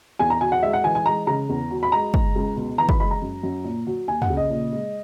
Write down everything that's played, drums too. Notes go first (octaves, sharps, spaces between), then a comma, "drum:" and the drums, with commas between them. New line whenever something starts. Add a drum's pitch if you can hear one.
E2 G#5
A#5
F#3 G#5
F#5
G#3 E5
F#5
E3 G#5
G#5
G#3 A#5
C#3 A#5
E2
F#3
B5
G#3 A#5
G#2, drum: kick
C#2
B2
E3 A#5
B5, drum: kick
G#3 B5
A#5
F#2
F#2
A#2
F#3
D#2 G#5
F#5, drum: tom
C#3
D#5
A#2
G#3